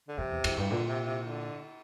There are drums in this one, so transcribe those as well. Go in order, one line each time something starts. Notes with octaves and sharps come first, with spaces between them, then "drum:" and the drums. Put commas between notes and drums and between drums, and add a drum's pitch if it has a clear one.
D3
F2 C3
E2
F2, drum: cymbal
G2
A#2 D3
C3
C3
D3